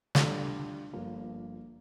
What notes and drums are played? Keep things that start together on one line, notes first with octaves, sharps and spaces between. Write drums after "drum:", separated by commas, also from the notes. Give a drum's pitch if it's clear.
D2 D3 G3 F4 A4, drum: snare
G1 G2 F3 A#3